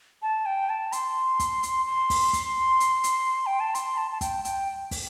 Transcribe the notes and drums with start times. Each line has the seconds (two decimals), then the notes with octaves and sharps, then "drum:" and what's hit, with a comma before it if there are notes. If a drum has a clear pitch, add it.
0.22 A5
0.46 G5
0.69 A5
0.92 C6, drum: hi-hat
1.40 drum: kick, hi-hat
1.63 drum: hi-hat
1.86 C6
2.10 drum: kick, open hi-hat
2.33 drum: kick, hi-hat
2.80 drum: hi-hat
3.04 drum: hi-hat
3.46 G5
3.60 A5
3.75 C6, drum: hi-hat
3.97 A5
4.11 A5
4.21 G5, drum: kick, hi-hat
4.45 G5, drum: hi-hat
4.91 drum: kick, open hi-hat